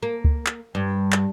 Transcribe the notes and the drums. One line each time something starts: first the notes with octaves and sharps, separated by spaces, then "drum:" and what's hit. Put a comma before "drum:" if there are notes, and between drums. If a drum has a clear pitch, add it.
A#3
drum: kick C#2
drum: clap
G2
drum: clap